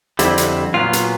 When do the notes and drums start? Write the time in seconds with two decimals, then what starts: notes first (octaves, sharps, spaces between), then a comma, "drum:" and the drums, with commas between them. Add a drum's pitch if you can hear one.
0.19 F2 D3 G3 C4 E4, drum: hi-hat
0.38 drum: hi-hat
0.74 A#2 F#3 B3 F4
0.93 drum: hi-hat